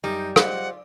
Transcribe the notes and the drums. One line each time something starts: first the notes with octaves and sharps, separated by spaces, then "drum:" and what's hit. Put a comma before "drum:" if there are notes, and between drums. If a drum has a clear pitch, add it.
F#2 G3 D#4
F4 G#4 C5 D#5 F#5, drum: rim click